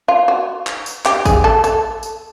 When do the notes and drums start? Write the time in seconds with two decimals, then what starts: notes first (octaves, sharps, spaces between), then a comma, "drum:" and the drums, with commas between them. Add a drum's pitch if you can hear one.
0.08 F4
0.28 F#4
0.67 drum: clap
0.86 drum: tambourine
1.05 G4, drum: clap
1.25 G#4, drum: kick, tambourine
1.44 A4
1.64 A4, drum: tambourine
2.03 drum: tambourine